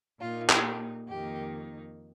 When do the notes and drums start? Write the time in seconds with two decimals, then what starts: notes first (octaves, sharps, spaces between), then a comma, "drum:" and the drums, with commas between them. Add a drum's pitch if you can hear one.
0.21 A#2 A#3 D#4 F4
0.50 G4, drum: clap
1.08 F2 D#3 A#3 D#4 G4